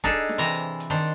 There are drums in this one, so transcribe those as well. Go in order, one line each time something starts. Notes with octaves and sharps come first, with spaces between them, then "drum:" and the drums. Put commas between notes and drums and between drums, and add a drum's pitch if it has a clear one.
D4 D#4 G#4 A4, drum: kick, hi-hat
drum: snare
C3 E3 A#5
drum: hi-hat
drum: hi-hat
D#3 D4 C5